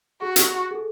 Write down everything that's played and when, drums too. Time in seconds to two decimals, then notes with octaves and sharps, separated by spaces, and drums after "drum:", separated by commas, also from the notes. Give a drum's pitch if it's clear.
0.22 F#4 G#4
0.36 drum: hi-hat
0.71 G#4
0.75 A4